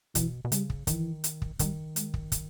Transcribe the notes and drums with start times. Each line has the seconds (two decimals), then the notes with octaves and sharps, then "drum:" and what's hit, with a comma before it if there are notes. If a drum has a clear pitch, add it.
0.15 B2 E3, drum: kick, hi-hat
0.45 B2
0.52 C#3 G3, drum: hi-hat
0.70 drum: kick
0.87 D#3 E3, drum: kick, hi-hat
1.24 drum: hi-hat
1.42 drum: kick
1.59 D#3 G3, drum: kick, hi-hat
1.96 G#3, drum: hi-hat
2.14 drum: kick
2.32 drum: kick, hi-hat